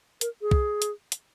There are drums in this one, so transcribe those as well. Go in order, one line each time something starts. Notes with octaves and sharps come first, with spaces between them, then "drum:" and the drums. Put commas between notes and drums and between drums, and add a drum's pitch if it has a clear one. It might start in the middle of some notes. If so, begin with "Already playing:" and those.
A#4, drum: hi-hat
G#4
drum: kick
drum: hi-hat
drum: hi-hat